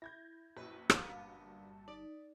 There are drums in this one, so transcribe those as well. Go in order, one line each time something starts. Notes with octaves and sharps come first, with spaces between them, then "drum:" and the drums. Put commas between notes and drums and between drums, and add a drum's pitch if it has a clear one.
E4 G6 G#6 A#6
A#1 F#2 B4
G1 G3 A#3 B3 D4 A5, drum: rim click
D#4 D5